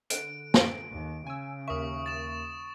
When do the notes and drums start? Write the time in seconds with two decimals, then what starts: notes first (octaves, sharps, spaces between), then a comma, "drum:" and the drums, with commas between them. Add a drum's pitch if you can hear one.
0.10 D3 F#6 D7, drum: hi-hat
0.54 drum: snare
0.91 D#2
1.27 C#3 G#5 E6
1.68 D#2 A#4 E5 C#6 D#6
2.06 A6 E7